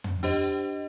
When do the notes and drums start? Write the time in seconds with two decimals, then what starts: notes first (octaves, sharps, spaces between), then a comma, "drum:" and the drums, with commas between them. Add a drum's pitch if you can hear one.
0.04 drum: tom
0.23 D4 G4 C5 D#5, drum: open hi-hat